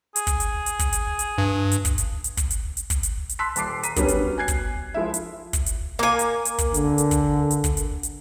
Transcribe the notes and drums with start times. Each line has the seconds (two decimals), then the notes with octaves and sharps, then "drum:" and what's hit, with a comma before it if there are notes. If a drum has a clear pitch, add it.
0.16 G#4, drum: hi-hat
0.27 drum: kick, hi-hat
0.40 drum: hi-hat
0.66 drum: hi-hat
0.79 drum: kick, hi-hat
0.93 drum: hi-hat
1.19 drum: hi-hat
1.38 G2
1.72 drum: hi-hat
1.85 drum: kick, hi-hat
1.98 drum: hi-hat
2.24 drum: hi-hat
2.37 drum: kick, hi-hat
2.50 drum: hi-hat
2.77 drum: hi-hat
2.90 drum: kick, hi-hat
3.03 drum: hi-hat
3.29 drum: hi-hat
3.39 A5 C6 E6 F#6 B6
3.56 D#1 A5 D6 C7, drum: hi-hat
3.83 A#5 B6 D#7, drum: hi-hat
3.96 F#3 G3 B3 C#4 D4, drum: kick, hi-hat
4.08 drum: hi-hat
4.38 G#5 F#6 G#6 C7
4.48 drum: kick, hi-hat
4.94 F3 G#3 E4 E5
5.14 drum: hi-hat
5.53 drum: kick, hi-hat
5.66 drum: hi-hat
5.99 A#3 G#5
6.19 drum: hi-hat
6.45 drum: hi-hat
6.58 drum: kick, hi-hat
6.74 D3, drum: hi-hat
6.98 drum: hi-hat
7.11 drum: kick, hi-hat
7.51 drum: hi-hat
7.64 drum: kick, hi-hat
7.77 drum: hi-hat
8.03 drum: hi-hat